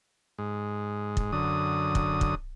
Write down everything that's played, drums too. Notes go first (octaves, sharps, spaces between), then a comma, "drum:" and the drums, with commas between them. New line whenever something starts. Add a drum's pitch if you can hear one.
G#2
drum: kick
F#2 D3 D#6
drum: kick
drum: kick